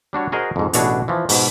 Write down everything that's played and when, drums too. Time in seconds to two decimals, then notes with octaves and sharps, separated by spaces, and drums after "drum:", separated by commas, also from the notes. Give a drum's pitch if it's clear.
0.13 G3 D4 F#4 C#5
0.32 F#4 G#4 A#4 C5 D#5
0.56 F2 G#2
0.73 A1 B2 D4 E4 F#4 G#4, drum: hi-hat
1.08 E3 F3
1.29 G#2 B2, drum: open hi-hat